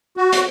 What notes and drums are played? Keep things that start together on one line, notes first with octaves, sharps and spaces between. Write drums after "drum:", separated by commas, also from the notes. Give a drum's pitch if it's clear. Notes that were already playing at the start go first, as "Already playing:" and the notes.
F#4
drum: hi-hat